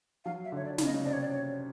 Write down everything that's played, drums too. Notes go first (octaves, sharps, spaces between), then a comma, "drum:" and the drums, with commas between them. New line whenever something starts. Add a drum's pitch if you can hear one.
F#3 F5
E5
D3
C#5
D5
C#3 D5, drum: snare
D#5
C3 D5
C#5
D5
C#5